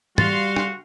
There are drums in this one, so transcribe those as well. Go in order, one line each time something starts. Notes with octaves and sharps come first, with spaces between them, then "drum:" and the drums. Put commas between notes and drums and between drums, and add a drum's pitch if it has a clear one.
G3 F#4 F5 C6 A6, drum: tom
drum: rim click